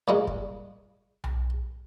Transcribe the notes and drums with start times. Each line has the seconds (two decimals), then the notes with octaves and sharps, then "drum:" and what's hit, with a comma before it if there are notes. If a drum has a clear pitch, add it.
0.08 A#2 G3 G#3
0.27 drum: kick
1.24 drum: tom B1